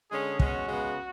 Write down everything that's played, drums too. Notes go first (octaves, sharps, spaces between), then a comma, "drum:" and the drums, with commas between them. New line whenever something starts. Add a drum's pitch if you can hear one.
D3 G#3 C#4 G#4
B2 G#3 C#4 F#4, drum: kick
C#3 G#3 B3